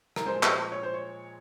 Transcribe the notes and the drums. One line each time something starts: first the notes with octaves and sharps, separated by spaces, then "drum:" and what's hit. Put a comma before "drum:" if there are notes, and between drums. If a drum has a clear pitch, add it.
A#4, drum: rim click
A#2 F3 G#3 C5
C5, drum: clap
C#5
C5
C#5